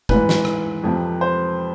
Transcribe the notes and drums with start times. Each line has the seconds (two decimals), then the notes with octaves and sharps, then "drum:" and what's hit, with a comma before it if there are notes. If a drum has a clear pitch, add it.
0.09 G#2 E3 B4, drum: kick
0.29 drum: snare
0.45 drum: rim click
0.84 F2 C3 F3
1.21 C5